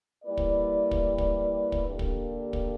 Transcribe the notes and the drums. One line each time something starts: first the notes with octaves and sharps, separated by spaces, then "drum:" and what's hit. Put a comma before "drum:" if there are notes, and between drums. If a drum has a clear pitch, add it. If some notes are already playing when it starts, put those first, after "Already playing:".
G3 A#3 E4 B4 D5
drum: kick
drum: kick
drum: kick
drum: kick
D3 A#3 D4 G4
drum: kick
drum: kick